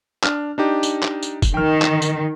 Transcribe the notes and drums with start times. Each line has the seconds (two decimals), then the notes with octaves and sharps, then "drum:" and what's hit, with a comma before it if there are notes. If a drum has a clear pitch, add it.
0.24 D4 F6, drum: clap
0.58 D4 D#4 G4
0.83 drum: tambourine
1.03 drum: clap
1.23 drum: tambourine
1.42 drum: kick, tambourine
1.54 D#3 G5 F6
1.82 drum: clap
2.02 drum: tambourine